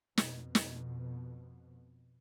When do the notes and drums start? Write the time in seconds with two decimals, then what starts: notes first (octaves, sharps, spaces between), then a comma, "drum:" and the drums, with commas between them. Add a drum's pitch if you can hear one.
0.17 F2 B2, drum: snare
0.55 drum: snare